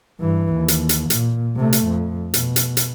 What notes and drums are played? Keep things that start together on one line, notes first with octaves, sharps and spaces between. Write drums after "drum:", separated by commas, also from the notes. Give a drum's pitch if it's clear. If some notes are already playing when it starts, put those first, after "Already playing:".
G2 E3
D#2
drum: hi-hat
drum: hi-hat
A#2, drum: hi-hat
C3 A3
drum: hi-hat
F2
B2, drum: hi-hat
drum: hi-hat
drum: hi-hat